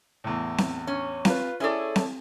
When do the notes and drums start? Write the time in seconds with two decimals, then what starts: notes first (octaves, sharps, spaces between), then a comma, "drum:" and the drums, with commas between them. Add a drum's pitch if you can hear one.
0.24 E2 A2
0.58 drum: snare C4
0.87 C#4
1.25 F4 B4, drum: snare C4
1.60 C#4 E4 G#4 A4 D5
1.96 drum: snare C4